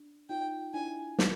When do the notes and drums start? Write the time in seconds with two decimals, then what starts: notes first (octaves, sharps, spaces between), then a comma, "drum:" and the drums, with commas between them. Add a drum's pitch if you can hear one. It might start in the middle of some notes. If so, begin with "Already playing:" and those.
Already playing: D4
0.29 D#4 F4 G5
0.74 D4 E4 G#5
1.19 D#4 F4, drum: snare